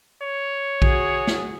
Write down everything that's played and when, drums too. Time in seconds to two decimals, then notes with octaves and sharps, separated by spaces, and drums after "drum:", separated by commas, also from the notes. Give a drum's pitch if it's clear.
0.22 C#5
0.82 F#4 G#4, drum: kick A#1
1.27 drum: snare